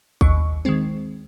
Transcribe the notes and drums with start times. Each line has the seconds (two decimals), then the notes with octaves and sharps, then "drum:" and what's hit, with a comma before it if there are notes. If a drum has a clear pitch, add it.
0.21 D#2 C#6, drum: kick
0.65 D#3 G#3 C4